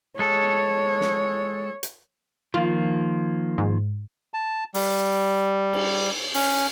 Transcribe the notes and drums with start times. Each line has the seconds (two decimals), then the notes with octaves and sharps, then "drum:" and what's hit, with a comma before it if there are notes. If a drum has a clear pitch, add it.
0.19 G#3 A4 C#5
1.01 drum: snare
1.83 drum: hi-hat
2.54 D#3 F3 A#3 F4
3.58 G#2
4.34 A5
4.74 G3, drum: open hi-hat
5.73 drum: cymbal
6.34 C#4, drum: open hi-hat